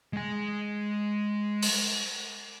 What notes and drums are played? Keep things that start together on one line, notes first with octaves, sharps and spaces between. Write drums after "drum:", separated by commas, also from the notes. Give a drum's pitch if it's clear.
G#3 G#5
drum: open hi-hat